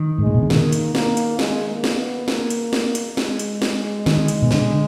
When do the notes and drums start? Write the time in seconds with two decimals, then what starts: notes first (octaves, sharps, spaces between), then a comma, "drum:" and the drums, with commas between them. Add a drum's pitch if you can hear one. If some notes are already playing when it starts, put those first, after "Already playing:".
Already playing: D#3
0.18 G#2 G#3
0.27 A#2
0.34 B2
0.42 D3
0.50 D#3 A#3, drum: snare
0.72 drum: hi-hat
0.95 A#3, drum: snare
1.17 drum: hi-hat
1.39 G#3, drum: snare
1.69 A#3
1.84 drum: snare
1.98 B3
2.28 A#3, drum: snare
2.50 drum: hi-hat
2.73 drum: snare
2.95 drum: hi-hat
3.17 G#3, drum: snare
3.39 drum: hi-hat
3.62 drum: snare
4.06 D#3, drum: snare
4.28 drum: hi-hat
4.42 B2
4.51 D3, drum: snare